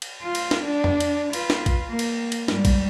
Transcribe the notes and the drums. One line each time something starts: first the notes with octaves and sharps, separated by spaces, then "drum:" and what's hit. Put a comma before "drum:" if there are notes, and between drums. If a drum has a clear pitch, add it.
drum: cymbal
F4
drum: cymbal
drum: snare
D4
drum: tom F2
drum: cymbal
F4 B4, drum: cymbal
drum: snare
drum: kick, cymbal
A#3
drum: cymbal
drum: cymbal
G#2 G3, drum: snare
drum: kick, cymbal